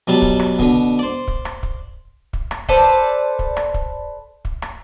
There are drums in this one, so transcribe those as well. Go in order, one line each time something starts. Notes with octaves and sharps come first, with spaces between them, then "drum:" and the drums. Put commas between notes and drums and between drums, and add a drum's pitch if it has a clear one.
B2 F#3 G3 A5
drum: kick
drum: rim click
B2 D3, drum: kick
C5 D5
drum: kick
drum: rim click
drum: kick
drum: kick
drum: rim click
A4 B4 C5 D5, drum: kick
drum: kick
drum: rim click
drum: kick
drum: kick
drum: rim click